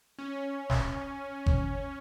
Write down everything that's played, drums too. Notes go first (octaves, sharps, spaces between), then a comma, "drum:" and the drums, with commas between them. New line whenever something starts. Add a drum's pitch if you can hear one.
C#4
drum: snare
drum: kick G1